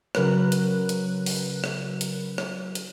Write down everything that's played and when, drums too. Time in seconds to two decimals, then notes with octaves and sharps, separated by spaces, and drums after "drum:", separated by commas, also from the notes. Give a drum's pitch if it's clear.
0.15 C#3 F#3 A#4 B4 F#6, drum: rim click
0.52 drum: hi-hat
0.89 drum: hi-hat
1.26 drum: open hi-hat
1.64 drum: rim click
2.01 drum: hi-hat
2.38 drum: rim click
2.75 drum: hi-hat